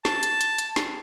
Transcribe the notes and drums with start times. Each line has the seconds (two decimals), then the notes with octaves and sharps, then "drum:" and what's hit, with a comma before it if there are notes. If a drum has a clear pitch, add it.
0.05 A5, drum: snare
0.23 drum: hi-hat
0.41 drum: hi-hat
0.58 drum: hi-hat
0.76 drum: snare